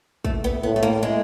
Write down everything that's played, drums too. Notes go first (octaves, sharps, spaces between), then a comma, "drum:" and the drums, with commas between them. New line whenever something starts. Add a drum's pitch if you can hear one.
A3, drum: kick
B3
A2 B3
A3
A#3
G#3